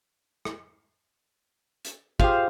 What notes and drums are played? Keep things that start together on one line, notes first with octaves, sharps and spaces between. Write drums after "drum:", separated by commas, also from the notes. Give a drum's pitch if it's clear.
drum: rim click
drum: hi-hat
F4 G4 G#4 C5 F5, drum: kick